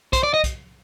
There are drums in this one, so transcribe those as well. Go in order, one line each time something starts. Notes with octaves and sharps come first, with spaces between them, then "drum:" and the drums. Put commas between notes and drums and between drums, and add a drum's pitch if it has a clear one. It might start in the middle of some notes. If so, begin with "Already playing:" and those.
C5, drum: kick B1, hi-hat
D5
D#5
drum: kick B1, hi-hat